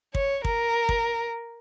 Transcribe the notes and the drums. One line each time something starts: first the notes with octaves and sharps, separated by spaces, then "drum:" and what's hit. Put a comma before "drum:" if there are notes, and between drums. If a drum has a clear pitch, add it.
C#5, drum: kick
A#4, drum: kick
drum: kick